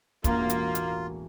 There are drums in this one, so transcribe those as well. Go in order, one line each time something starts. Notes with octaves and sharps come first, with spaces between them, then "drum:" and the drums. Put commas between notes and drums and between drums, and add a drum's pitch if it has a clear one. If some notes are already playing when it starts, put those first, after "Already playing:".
E1 A1 A#3 F4, drum: kick, hi-hat
drum: hi-hat
drum: hi-hat